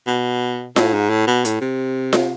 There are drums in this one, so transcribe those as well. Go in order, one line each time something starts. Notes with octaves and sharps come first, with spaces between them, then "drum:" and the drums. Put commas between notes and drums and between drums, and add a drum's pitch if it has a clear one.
B2
A2, drum: snare F4
G#2
A2
B2
A2, drum: hi-hat
C3
drum: snare F4